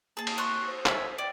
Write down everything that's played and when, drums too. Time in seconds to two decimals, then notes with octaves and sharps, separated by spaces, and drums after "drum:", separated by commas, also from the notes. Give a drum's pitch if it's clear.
0.17 A#3 G#4 A5
0.27 drum: cymbal
0.38 C6 C#6 F#6
0.65 C5
0.86 E5 G#5, drum: clap
1.18 D5 G5